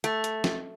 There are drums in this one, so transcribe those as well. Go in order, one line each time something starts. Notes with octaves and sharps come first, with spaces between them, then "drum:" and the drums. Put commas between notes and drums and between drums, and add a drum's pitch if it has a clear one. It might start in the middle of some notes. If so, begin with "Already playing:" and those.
A3, drum: hi-hat
drum: hi-hat
drum: snare